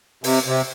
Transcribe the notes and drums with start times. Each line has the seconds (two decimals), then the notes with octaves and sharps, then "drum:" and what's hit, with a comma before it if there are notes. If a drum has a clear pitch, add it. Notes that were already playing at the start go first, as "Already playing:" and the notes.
0.24 C3, drum: open hi-hat
0.46 C3